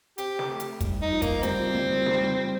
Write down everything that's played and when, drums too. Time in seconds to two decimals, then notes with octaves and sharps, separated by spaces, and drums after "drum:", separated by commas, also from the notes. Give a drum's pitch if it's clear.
0.18 C4 G4, drum: hi-hat
0.39 drum: snare
0.49 A3
0.60 drum: hi-hat
0.80 G3, drum: kick, hi-hat
1.02 D#4
1.13 F3
1.22 A#3, drum: kick, hi-hat
1.43 G3 C4, drum: hi-hat
1.59 F3
1.74 G3
1.90 G3
2.06 G3, drum: snare
2.21 G3
2.37 F3